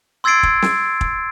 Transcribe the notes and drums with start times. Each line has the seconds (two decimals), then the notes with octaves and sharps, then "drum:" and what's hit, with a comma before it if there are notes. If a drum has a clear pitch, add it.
0.24 C6 E6 G#6 A6 C7 D7
0.43 drum: kick
0.62 drum: snare
1.01 drum: kick